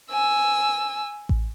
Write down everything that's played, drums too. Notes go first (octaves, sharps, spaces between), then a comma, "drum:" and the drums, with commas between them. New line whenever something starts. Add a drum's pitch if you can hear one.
G#5 E6
drum: kick A1